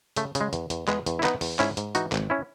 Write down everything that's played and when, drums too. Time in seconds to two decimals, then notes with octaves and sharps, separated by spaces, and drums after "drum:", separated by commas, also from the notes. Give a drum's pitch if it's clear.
0.16 C#3 A3, drum: hi-hat
0.35 C#3, drum: hi-hat
0.41 G#3
0.53 E2, drum: hi-hat
0.70 E2, drum: hi-hat
0.88 E2 G#3 B3, drum: clap
1.06 E2, drum: hi-hat
1.19 E4
1.23 E3 B3 D#4, drum: clap
1.41 E2, drum: open hi-hat
1.59 G#2 C#4 E4, drum: clap
1.77 G#2, drum: hi-hat
1.95 E3 D#4 F#4, drum: hi-hat
2.12 G#1, drum: clap
2.30 C#4 E4